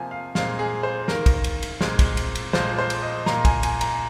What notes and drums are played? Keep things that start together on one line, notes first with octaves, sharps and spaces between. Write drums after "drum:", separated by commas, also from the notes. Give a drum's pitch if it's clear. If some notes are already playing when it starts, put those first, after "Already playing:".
Already playing: C3 F3 A#3 G#5
F5
A#2 G#3 C4 F5, drum: snare
G#4
C5
D#3 A#3 A#4, drum: snare
drum: kick, cymbal
drum: cymbal
drum: cymbal
A#2 G#3 C4, drum: snare
drum: kick, cymbal
drum: cymbal
drum: cymbal
A#2 F3 G#3 C5, drum: snare
C5
drum: cymbal
D#5
A#2 A#3 A#5, drum: snare
G#5, drum: kick, cymbal
G#5, drum: cymbal
A#5, drum: cymbal